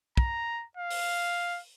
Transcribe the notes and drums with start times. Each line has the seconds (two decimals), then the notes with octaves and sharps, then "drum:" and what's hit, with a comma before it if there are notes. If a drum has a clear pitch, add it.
0.17 A#5, drum: kick
0.77 F5
0.91 drum: open hi-hat